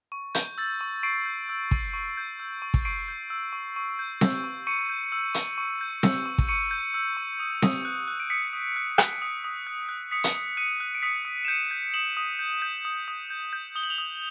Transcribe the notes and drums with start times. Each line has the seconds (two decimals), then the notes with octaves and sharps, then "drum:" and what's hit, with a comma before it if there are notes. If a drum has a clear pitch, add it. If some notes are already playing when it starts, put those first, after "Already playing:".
0.12 C#6
0.35 G6, drum: hi-hat
0.58 E6 A6
0.81 C#6
1.03 C#6 C7 D7
1.26 G6
1.49 E6
1.71 C#6, drum: kick
1.94 C#6
2.17 G6
2.40 E6
2.62 C#6
2.74 drum: kick
2.85 C#6 C7 D7
3.08 G6
3.30 E6
3.53 C#6
3.76 C#6
3.99 G6
4.21 E6, drum: snare C4
4.44 C#6
4.67 C#6 C#7 D#7
4.90 G6
5.12 E6
5.35 C#6, drum: hi-hat
5.58 C#6
5.81 G6
6.03 E6, drum: snare C4
6.26 C#6
6.38 drum: kick
6.48 C#6 C#7 D#7
6.71 G6
6.94 E6
7.17 C#6
7.40 D#6
7.62 D#6, drum: snare C4
7.85 F#6
8.08 F#6
8.20 D7
8.30 D#6 B6 C#7
8.53 D#6
8.76 F#6
8.98 F#6, drum: rim click
9.22 D#6
9.44 D#6
9.67 F#6
9.89 F#6
10.11 D#6 B6 C#7
10.24 drum: hi-hat
10.35 D#6
10.57 F#6 C#7 D#7
10.80 F#6
10.95 D7
11.02 D#6 B6 C#7
11.25 D#6
11.45 E7
11.48 G6 C#7 D#7
11.71 G6
11.94 D#6 E7 F#7
12.17 D#6
12.39 G6
12.62 G6
12.85 D#6
13.08 D#6
13.30 G6
13.53 G6
13.75 D#6 G7
13.83 F#7
13.90 F7 G7
13.98 D#6